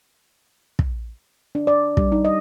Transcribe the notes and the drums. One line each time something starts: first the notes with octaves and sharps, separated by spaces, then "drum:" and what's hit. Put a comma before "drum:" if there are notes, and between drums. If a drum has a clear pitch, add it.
drum: kick
D4
D5
G3, drum: kick
D#4
D#5